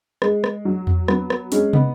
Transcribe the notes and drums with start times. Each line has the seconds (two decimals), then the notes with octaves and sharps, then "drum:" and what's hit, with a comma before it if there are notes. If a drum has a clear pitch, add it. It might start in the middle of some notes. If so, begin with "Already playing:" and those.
0.22 G#3, drum: rim click
0.44 drum: rim click
0.65 F#3
0.87 drum: tom E2
1.08 F#3 B3, drum: rim click
1.30 drum: rim click
1.52 G#3 C#4, drum: hi-hat
1.73 B3 D#4, drum: tom